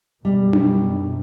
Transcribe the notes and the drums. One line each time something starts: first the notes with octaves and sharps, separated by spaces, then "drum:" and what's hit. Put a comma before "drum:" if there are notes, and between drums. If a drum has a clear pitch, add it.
F#2 B2 G3
drum: tom D4